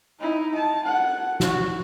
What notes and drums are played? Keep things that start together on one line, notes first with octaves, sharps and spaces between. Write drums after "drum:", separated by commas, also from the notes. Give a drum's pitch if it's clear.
D#4 E4
A5
F#5, drum: cymbal
F#4, drum: snare